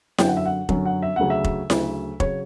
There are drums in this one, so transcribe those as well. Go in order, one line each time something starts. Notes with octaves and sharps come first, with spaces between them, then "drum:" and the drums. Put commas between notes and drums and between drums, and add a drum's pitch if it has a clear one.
F#2 D3 F#3 G5, drum: snare E4
F#5
E5
F#5
F#2 D3 F#3, drum: kick F1
F#5
E5
D2 C#3 F#3 F#5
E5
drum: kick F1
D2 C#3 F#3, drum: snare E4
C#3 F#3 C#5, drum: kick F1